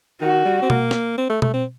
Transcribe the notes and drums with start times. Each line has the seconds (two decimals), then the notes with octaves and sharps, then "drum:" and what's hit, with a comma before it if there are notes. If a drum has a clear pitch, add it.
0.21 D#3 F#4
0.45 G3
0.62 C4
0.70 A#3, drum: tom B2
0.91 drum: snare
1.18 C4
1.30 A3
1.42 A3, drum: tom B2
1.53 C4